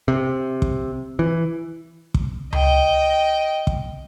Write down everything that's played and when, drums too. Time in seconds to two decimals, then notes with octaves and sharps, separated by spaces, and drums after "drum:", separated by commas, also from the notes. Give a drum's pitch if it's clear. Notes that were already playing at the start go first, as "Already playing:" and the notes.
0.08 C3
0.62 drum: kick
1.19 E3
2.14 drum: kick
2.53 D#5 G5, drum: tom C#2
3.67 drum: kick